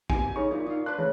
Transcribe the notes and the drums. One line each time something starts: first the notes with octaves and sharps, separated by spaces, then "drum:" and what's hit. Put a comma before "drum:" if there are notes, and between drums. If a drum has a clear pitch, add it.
A#3 C4 G4 G#5, drum: kick
C#3 D#4 C#6
A#2 F#3 D#4 E4
D#4 F5
D4 B4 C6 F#6
C#3 E3 A3